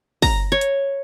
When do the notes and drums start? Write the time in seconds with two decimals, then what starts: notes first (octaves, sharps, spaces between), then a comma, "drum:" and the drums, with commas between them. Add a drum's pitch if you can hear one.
0.22 A#5, drum: kick, open hi-hat
0.52 C#5
0.61 drum: hi-hat